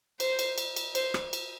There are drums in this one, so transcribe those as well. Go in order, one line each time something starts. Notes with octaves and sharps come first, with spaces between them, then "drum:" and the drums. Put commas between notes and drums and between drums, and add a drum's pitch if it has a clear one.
C5, drum: cymbal
drum: cymbal
drum: cymbal
drum: cymbal
C5, drum: cymbal
drum: rim click
drum: cymbal